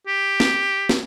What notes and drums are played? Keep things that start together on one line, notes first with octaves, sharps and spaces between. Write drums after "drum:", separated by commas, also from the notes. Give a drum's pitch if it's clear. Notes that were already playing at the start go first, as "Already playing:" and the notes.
G4
drum: snare
drum: snare